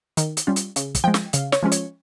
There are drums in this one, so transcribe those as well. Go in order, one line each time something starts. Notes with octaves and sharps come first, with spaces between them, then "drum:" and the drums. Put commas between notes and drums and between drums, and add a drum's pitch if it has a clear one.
D#3, drum: hi-hat
drum: hi-hat
G3 C#4 F4
drum: hi-hat
C#3, drum: hi-hat
drum: kick, hi-hat
F3 G#3 G5
drum: snare
C#3 F5, drum: hi-hat
C#5, drum: snare
F3 G#3 C#4 F4
C#5, drum: hi-hat